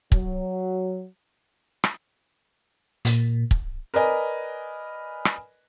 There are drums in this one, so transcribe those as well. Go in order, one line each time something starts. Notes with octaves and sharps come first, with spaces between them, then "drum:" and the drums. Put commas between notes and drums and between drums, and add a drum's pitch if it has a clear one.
F#3, drum: kick
drum: rim click
A#2, drum: hi-hat
drum: kick
A#4 B4 D5 D#5 G#5
drum: rim click